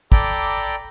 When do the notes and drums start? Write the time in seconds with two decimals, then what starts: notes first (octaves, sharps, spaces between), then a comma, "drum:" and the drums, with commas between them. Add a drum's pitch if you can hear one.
0.12 A4 D5 G5 A#5 B5 D6, drum: kick